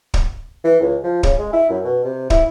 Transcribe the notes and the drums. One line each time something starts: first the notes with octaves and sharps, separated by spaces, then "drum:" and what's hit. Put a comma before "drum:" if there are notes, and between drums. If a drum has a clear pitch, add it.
drum: kick
E3
C#2
F3
C#3, drum: kick
G#3
E4
F#2
B2
C3
E4, drum: kick